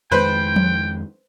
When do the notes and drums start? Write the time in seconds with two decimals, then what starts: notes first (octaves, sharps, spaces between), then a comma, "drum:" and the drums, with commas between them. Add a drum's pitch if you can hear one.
0.12 F2 D#3 G#3 B4 C5 G5
0.56 drum: tom F3